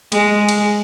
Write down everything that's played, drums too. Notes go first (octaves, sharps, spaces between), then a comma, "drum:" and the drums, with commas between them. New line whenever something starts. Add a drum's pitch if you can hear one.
G#3, drum: cymbal
drum: cymbal